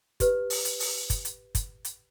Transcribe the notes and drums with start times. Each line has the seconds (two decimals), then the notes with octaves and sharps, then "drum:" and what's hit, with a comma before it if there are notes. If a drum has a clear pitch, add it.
0.20 G4 B4, drum: kick, hi-hat
0.50 drum: open hi-hat
0.65 drum: hi-hat
0.80 drum: open hi-hat
1.10 drum: kick, hi-hat
1.25 drum: hi-hat
1.55 drum: kick, hi-hat
1.85 drum: hi-hat